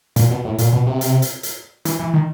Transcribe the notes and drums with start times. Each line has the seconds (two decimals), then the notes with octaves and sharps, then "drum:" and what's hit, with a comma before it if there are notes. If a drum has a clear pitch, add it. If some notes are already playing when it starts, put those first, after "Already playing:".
0.16 A#2, drum: hi-hat
0.31 B2
0.45 A2
0.58 A#2, drum: hi-hat
0.73 B2
0.87 C3
1.01 drum: hi-hat
1.22 drum: hi-hat
1.43 drum: hi-hat
1.85 E3, drum: hi-hat
1.99 E3
2.14 D#3